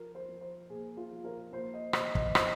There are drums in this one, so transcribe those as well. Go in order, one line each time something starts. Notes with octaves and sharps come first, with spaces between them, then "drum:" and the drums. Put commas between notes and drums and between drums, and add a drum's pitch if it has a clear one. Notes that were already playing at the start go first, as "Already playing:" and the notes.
Already playing: F3 A#4
C5
F3
C5
A#2 G#4
F4
F3
A#4
A#2 C5
D#5
A#2 C5, drum: rim click
D#5, drum: kick
F3 C5, drum: rim click